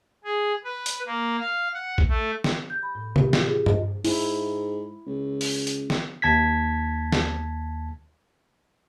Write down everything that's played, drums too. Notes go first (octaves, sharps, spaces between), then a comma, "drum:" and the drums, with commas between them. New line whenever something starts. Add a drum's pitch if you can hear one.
G#4
B4
drum: hi-hat
A#3
F5
F#5
drum: kick
A3
drum: snare
G6
B5
A2
G4, drum: tom C3
F4, drum: snare
G#4
D#5, drum: tom G2
G#2 E4, drum: open hi-hat
C#2
drum: open hi-hat
drum: hi-hat
drum: snare
D#2 A5 G#6 B6
drum: snare